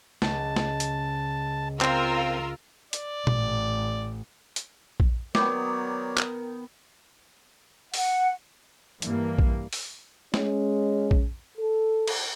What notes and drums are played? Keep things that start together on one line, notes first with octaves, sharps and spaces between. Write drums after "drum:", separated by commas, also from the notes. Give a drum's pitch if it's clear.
C#2 A5, drum: snare
drum: snare
drum: hi-hat
C4 F4 A#4 E6, drum: clap
D5, drum: hi-hat
A1, drum: tom A#2
drum: hi-hat
drum: kick A#1
D#3 F#3 B3 A#4 C#5 D5 D6, drum: snare
drum: clap
F#5, drum: open hi-hat
G2 E3 A#3, drum: hi-hat
drum: kick A#1
drum: open hi-hat
G#3 C#4, drum: snare
drum: kick A#1
A4
drum: cymbal